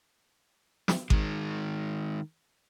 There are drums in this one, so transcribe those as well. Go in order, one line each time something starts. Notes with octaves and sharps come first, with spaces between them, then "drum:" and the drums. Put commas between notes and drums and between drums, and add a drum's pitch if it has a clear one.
drum: snare
D#3 G#3, drum: kick G#1